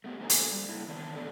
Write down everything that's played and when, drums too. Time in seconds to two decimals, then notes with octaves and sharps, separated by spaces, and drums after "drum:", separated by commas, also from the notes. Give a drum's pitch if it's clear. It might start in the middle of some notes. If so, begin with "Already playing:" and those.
0.04 A3 B3 G4
0.20 A#3 D4 A4 C5 G#5 A#5
0.30 drum: hi-hat
0.52 G3
0.69 A#3 E4
0.88 D#3 E3 B3 D4 D5 A5
1.16 E2 D3 A3 B3 A4